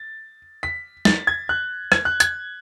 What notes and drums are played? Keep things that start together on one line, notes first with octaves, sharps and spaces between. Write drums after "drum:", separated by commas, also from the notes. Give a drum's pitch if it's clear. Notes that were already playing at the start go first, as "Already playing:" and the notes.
Already playing: A6
B6
A6, drum: snare
G#6
F#6
G#6, drum: rim click
F#6
G#6, drum: hi-hat